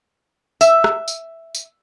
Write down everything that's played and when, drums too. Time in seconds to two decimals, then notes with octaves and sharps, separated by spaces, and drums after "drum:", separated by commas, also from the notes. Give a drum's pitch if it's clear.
0.61 E5, drum: tambourine
0.84 drum: rim click
1.08 drum: tambourine
1.55 drum: tambourine